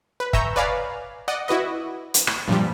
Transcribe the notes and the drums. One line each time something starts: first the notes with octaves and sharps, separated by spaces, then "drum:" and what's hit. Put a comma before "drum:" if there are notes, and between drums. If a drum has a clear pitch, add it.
B4
E5 G#5 A#5 C#6 E6 G6, drum: kick
B4 C#5 D5 F5 G#5 A#5
D5 D#5 F#5
E4 F#4 B4 D#5
drum: hi-hat
drum: rim click
G2 A#2 F3 G3